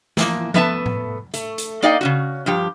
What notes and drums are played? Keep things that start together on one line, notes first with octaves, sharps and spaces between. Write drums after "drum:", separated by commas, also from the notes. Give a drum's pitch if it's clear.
E3 F3 A#3, drum: snare
A3 B3 B4 E5 F5 A5, drum: tom F3
drum: tom A2
A3, drum: hi-hat
drum: hi-hat
A#3 D#4 D5 D#5 F5 G5
C#3 C#4 F#4
G2 F3 G4